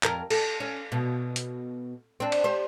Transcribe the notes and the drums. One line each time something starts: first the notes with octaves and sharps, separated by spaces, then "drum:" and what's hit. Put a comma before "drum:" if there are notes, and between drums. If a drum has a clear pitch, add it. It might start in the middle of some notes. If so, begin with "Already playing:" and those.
F2 A#4, drum: clap
A4, drum: cymbal
C#4
B2
drum: hi-hat
C4 D4
drum: cymbal
G4 C5